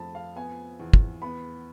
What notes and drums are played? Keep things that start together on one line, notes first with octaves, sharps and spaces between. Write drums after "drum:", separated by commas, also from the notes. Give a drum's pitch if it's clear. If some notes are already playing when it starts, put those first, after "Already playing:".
Already playing: F2 A3 A5 B5
F5
B3 G#5
E2
drum: kick
B3 B5